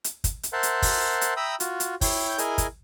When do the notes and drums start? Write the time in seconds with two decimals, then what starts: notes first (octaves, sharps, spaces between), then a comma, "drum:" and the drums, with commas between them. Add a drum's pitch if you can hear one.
0.04 drum: hi-hat
0.24 drum: kick, hi-hat
0.43 drum: hi-hat
0.53 A#4 C5 E5 F#5 A5 C6
0.63 drum: hi-hat
0.82 drum: kick, open hi-hat
1.21 drum: hi-hat
1.37 E5 G5 A#5 B5 D#6 E6
1.60 F4 F#4, drum: hi-hat
1.80 drum: hi-hat
2.01 E4 C#5 G5 G6, drum: kick, open hi-hat
2.38 E4 G#4 A#4 D#5 G#5, drum: hi-hat
2.58 drum: kick, hi-hat